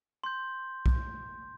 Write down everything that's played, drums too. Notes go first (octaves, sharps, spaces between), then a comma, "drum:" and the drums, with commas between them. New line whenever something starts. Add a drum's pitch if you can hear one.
C6 G6
drum: kick B1